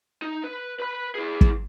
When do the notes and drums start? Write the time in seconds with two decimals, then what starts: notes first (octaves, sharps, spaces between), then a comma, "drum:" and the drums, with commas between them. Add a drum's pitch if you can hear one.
0.22 D#4
0.44 B4
0.80 B4 B5
1.15 E4 G#4
1.41 drum: kick